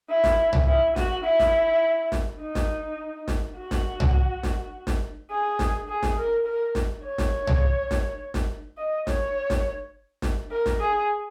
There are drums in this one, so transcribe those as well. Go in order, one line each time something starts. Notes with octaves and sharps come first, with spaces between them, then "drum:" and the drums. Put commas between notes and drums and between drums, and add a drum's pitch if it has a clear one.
E4
drum: snare
drum: tom C2
E4
F#4, drum: snare
E4
drum: snare
drum: snare
D#4
drum: snare
drum: snare
F#4
drum: snare
drum: tom C2
drum: snare
drum: snare
G#4
drum: snare
G#4
drum: snare
A#4
A#4
drum: snare
C#5
drum: snare
drum: tom C2
drum: snare
drum: snare
D#5
C#5, drum: snare
drum: snare
drum: snare
A#4
drum: snare
G#4